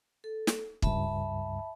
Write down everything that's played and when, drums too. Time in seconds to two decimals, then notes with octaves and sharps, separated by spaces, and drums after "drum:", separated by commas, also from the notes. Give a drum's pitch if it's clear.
0.24 A4
0.47 drum: snare
0.82 C#2 G2 E5 A5 B5, drum: kick